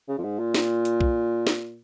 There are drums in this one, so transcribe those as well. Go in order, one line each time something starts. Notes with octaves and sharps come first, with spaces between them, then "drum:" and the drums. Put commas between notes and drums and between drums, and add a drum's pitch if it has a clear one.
C#3
F2
G#2
A#2
drum: snare
drum: hi-hat
drum: kick B1
drum: snare